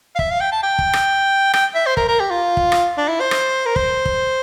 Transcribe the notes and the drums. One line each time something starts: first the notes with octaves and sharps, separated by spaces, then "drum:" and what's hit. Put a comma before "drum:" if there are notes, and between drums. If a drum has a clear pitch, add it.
F5
E5, drum: kick
F5
G5
A5
G5
drum: kick
drum: rim click
G5, drum: rim click
E5
C5
A#4, drum: kick
A#4
G4
F4
drum: kick
drum: rim click
D4
E4
C5
drum: rim click
A#4
C5, drum: kick
drum: kick